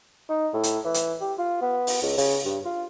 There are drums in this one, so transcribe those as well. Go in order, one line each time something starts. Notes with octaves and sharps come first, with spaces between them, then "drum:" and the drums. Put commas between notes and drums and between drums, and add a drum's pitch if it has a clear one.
D#4
A2
drum: hi-hat
E3
drum: hi-hat
G4
F4
B3
drum: open hi-hat
C#2
C#3, drum: open hi-hat
G2
F4